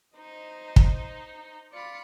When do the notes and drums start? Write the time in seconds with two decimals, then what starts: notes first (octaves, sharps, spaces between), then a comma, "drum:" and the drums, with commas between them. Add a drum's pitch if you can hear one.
0.18 D#4 C5 D#5
0.76 drum: kick
1.73 F4 D5 B5 C#7